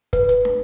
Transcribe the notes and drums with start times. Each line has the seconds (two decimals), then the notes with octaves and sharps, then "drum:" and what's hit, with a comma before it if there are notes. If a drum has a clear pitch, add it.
0.13 B4, drum: kick, hi-hat
0.29 drum: hi-hat
0.45 drum: snare